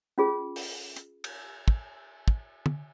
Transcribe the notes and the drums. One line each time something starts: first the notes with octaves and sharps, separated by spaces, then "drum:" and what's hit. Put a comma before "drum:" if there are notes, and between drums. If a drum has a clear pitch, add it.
C#4 F4 G#4
drum: open hi-hat
drum: hi-hat
drum: cymbal
drum: kick
drum: kick
drum: tom